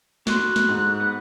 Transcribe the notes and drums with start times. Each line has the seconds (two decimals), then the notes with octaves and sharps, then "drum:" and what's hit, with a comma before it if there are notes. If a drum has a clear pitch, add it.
0.27 F#4 A4 C6 F#6, drum: snare
0.56 drum: snare
0.69 G#2
1.00 B3